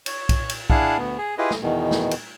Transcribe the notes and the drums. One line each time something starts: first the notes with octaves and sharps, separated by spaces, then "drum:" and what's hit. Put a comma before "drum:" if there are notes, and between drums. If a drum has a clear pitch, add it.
C#5, drum: cymbal
drum: kick B1, cymbal
drum: cymbal
D4 E4 G#4 F5 F#5 A5, drum: kick B1
D2 B3
G#4
E4 F4 G4 G#4 B4 D#5
drum: snare
E2 B2 D#3 E3
drum: snare
drum: cymbal